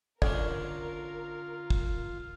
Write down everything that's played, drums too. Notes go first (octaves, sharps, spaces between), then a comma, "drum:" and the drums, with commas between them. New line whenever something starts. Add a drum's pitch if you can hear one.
D3 C#4 D4 F4 A#4 D5, drum: kick
drum: kick